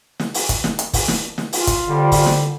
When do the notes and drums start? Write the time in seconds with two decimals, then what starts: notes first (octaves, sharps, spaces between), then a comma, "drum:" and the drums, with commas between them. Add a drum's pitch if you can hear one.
0.20 drum: snare
0.34 drum: open hi-hat
0.49 drum: kick, hi-hat
0.64 drum: snare
0.79 drum: hi-hat
0.93 drum: kick, open hi-hat
1.08 drum: snare
1.38 drum: snare
1.53 F4, drum: open hi-hat
1.67 drum: kick, hi-hat
1.88 F2 D3 G3
2.12 drum: kick, open hi-hat
2.26 drum: snare